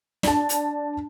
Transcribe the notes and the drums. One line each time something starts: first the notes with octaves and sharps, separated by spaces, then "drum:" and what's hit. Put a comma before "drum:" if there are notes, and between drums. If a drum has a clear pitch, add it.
D4 A5, drum: snare
drum: hi-hat